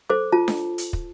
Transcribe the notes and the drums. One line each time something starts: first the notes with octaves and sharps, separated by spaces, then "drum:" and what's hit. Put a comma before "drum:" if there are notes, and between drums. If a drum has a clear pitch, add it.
A4 C5 D6
F4 A5
drum: snare D4
drum: hi-hat
drum: kick